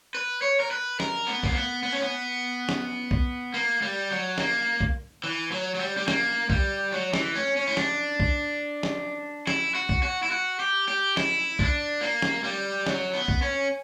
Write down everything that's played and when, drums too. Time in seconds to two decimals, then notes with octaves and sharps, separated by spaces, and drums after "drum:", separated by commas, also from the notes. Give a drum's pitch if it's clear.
0.15 B4
0.42 C#5
0.60 A#4
0.71 B4
1.00 A#4, drum: snare
1.27 B3
1.43 A#3, drum: kick B1
1.56 B3
1.83 B3
1.92 C#4
2.01 B3
2.69 drum: snare
3.11 drum: kick B1
3.54 A#3
3.82 G3
4.11 F#3
4.38 A#3, drum: snare
4.81 drum: kick B1
5.24 E3
5.52 F#3
5.75 F#3
5.79 G3
5.97 G3
6.08 A#3, drum: snare
6.50 G3, drum: kick B1
6.92 F#3
7.13 E3, drum: snare
7.36 C#4
7.57 C#4
7.67 E4
7.77 D4, drum: snare
8.20 drum: kick B1
8.83 drum: snare
9.47 E4, drum: snare
9.75 F#4
9.89 drum: kick B1
10.03 F#4
10.23 E4
10.31 F#4
10.60 G4
10.88 G4
11.17 E4, drum: snare
11.59 D4, drum: kick B1
12.01 A#3
12.22 drum: snare
12.44 G3
12.86 F#3, drum: snare
13.14 B3
13.28 drum: kick B1
13.42 C#4